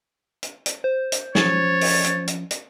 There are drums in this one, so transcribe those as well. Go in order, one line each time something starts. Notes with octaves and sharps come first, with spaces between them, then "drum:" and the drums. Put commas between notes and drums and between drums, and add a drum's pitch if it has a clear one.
drum: hi-hat
drum: hi-hat
C5
drum: hi-hat
F3 C#4 C#5 A6, drum: snare
drum: open hi-hat
drum: hi-hat
drum: hi-hat
drum: hi-hat